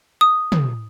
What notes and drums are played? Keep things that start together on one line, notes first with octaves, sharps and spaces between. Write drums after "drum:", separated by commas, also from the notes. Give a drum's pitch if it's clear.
D#6
drum: tom